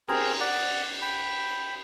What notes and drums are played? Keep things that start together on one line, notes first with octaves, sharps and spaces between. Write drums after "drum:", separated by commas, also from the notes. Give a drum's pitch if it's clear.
C4 G#4 A#4, drum: cymbal
D5 F#5
G5 B5